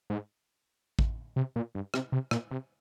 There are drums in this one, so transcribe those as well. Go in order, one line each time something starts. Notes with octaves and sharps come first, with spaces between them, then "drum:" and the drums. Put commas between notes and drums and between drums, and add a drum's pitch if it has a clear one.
G#2
drum: kick A1
C3
A#2
G2
C3, drum: rim click
C3
A#2, drum: rim click
C3